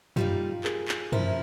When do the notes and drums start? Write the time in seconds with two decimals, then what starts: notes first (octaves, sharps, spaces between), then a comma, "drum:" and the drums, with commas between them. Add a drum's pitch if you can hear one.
0.16 G3 A#3 D#4 F4 G4, drum: tom F#2
0.64 G#4 A#4, drum: clap
0.88 drum: clap
1.12 C3 F3 A#3 C#4 E4 A#4 C5, drum: tom F#2